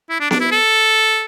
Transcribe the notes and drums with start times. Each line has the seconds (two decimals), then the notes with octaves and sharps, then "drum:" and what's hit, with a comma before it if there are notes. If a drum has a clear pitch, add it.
0.10 E4
0.20 D4
0.31 D4, drum: snare B3
0.41 E4
0.51 A4